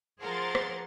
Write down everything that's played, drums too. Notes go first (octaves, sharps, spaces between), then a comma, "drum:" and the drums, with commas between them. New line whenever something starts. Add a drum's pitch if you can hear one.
F3 G#4 A#4 C5 F#5 C6 A6
drum: rim click